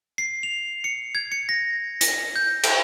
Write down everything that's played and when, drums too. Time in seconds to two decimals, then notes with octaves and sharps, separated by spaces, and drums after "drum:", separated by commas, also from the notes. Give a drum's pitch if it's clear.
0.18 C7
0.43 F7
0.84 C#7
1.15 G#6
1.32 C#7
1.49 A#6
2.01 A#6, drum: hi-hat
2.36 G6
2.63 D7, drum: cymbal